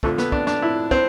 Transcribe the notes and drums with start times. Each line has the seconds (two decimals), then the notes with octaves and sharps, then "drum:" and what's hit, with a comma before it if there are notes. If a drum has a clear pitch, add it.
0.03 F2 D3 F3 A3, drum: kick
0.18 B3, drum: snare
0.32 D4, drum: kick
0.47 D4, drum: snare
0.62 E4
0.91 C4, drum: kick